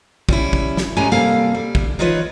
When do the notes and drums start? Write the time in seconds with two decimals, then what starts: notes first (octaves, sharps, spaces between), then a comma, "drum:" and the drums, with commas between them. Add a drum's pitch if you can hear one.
0.29 G3 C#4 E4, drum: kick
0.53 drum: kick
0.77 drum: snare
0.97 A2 G#3 C#4 G4 G#5 A#5
1.11 C3 G3 A#3 A4 F5
1.54 G3
1.75 drum: kick
1.99 D#3 E3 D#4 F4 B4 C#5